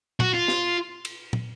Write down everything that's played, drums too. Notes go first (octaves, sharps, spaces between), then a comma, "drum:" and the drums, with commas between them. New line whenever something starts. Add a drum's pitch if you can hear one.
F#4, drum: tom
F4
drum: snare
drum: cymbal
drum: tom